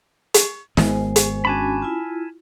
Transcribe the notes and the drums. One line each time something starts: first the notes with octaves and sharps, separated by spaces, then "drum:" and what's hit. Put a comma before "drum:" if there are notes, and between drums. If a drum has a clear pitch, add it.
drum: hi-hat
G#1 G#3 B3 C5 G#5, drum: snare
drum: hi-hat
C#4 D4 F#4 G#5 A5 B5
E4 F4